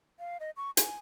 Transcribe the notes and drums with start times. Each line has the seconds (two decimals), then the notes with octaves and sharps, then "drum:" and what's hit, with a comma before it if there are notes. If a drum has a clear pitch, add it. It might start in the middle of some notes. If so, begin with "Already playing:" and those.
0.19 F5
0.40 D#5
0.57 C#6
0.77 G#5, drum: hi-hat